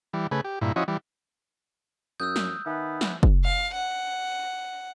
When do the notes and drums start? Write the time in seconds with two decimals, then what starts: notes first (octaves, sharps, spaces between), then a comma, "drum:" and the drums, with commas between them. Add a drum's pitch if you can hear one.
0.13 E3 G3
0.31 C#3 A3 G#4 B4
0.44 G4
0.61 G2 A#2 E4
0.76 F3 C#4 E4 F#4 D#5
0.88 E3 G3
2.20 F#2 D#6 E6 F#6 G6
2.36 drum: snare
2.66 D#3 B3 E5 G#5
3.01 drum: snare
3.23 drum: kick
3.44 F5
3.74 F#5